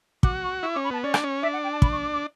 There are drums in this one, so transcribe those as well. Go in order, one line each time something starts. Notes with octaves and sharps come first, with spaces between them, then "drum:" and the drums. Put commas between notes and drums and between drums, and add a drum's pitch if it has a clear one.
F#4 D6, drum: kick
C#6
E4 C#6
C#4 D6
B5
B3 A5
C#4 D5
D4, drum: rim click
C#4
D4 E5
F#5
G5
A5
B5, drum: kick
C#6
D6
D6